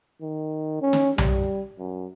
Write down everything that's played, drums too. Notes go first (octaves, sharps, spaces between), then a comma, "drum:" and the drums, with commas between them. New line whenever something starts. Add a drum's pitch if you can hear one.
D#3
C#4
drum: snare
G3, drum: tom B1
F#2